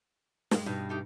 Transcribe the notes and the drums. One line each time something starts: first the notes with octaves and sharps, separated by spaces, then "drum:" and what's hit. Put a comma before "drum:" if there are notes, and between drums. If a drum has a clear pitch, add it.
G2 A#2 G#3, drum: snare
G2 B2 D#4
A3 D#4 G4